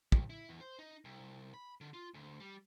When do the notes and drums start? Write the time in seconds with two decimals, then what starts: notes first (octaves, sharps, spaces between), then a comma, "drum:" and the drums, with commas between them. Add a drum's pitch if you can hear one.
0.12 C2, drum: kick
0.30 E4
0.49 E2
0.61 C5
0.79 D#4
1.05 C2
1.54 B5
1.81 D3
1.94 F4
2.14 D2
2.40 G3